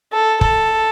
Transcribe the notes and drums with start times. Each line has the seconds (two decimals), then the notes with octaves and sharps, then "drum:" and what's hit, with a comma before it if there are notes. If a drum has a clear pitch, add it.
0.12 A4
0.41 A4, drum: kick